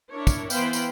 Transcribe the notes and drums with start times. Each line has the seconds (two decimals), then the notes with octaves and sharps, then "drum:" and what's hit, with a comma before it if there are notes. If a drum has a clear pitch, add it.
0.10 D4 E4 A#4 C#5
0.27 drum: kick, tambourine
0.50 E3 B3 C5 F5 G5 B5, drum: tambourine
0.73 drum: tambourine